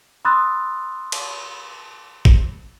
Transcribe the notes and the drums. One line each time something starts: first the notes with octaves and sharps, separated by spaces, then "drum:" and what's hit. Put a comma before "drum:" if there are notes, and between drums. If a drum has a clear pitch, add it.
B5 C6 D#6 E6 F#6 A6
drum: cymbal
drum: kick G#1